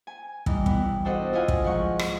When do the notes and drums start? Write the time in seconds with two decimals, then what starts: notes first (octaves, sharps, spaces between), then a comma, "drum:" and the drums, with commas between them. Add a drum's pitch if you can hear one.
0.07 G#5
0.46 E3 G3 D#4, drum: kick
0.66 B3 E4, drum: kick
1.05 D4 F#4 A4 C5 D#5 F#5
1.33 E4 F4 D#5 F5 F#5 G#5
1.48 drum: kick
1.64 G#2 F3 F#5 C#6
1.99 drum: rim click